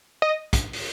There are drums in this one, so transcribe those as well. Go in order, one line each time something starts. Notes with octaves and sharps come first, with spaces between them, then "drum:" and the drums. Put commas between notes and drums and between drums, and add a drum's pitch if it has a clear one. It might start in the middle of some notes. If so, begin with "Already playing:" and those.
D#5
drum: kick, hi-hat
drum: open hi-hat